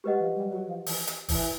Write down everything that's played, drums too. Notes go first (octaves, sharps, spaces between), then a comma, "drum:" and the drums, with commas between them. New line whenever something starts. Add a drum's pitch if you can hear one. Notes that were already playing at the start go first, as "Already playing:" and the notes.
G#3 G4 B4 D#5 F#5
F3
G3
F#3
F3
E3, drum: open hi-hat
drum: hi-hat
E3, drum: kick, open hi-hat